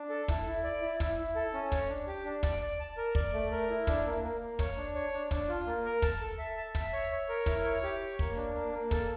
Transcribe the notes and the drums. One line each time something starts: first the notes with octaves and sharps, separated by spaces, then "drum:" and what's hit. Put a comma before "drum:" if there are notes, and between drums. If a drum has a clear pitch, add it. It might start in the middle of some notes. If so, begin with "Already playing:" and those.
Already playing: D4
A4
E4, drum: kick, hi-hat
E4
D5
E4
E4, drum: kick, hi-hat
E4
A4
C#4
C#5, drum: kick, hi-hat
D4
G4
D4
D5, drum: kick, hi-hat
D5
A5
A#4
D5, drum: kick
A3
A#4
E4
D4, drum: kick, hi-hat
A#3
A#3
A#3
C#5, drum: kick, hi-hat
D4
C#5
D4
D4, drum: kick, hi-hat
F4
A#3
A#4
A5, drum: kick, hi-hat
A4
E5
A5
E5, drum: kick, hi-hat
C#5
C#5
A#4
E4, drum: kick, hi-hat
C#5
G4
C#5
A#3, drum: kick
D4
A#3
A#3
A4, drum: kick, hi-hat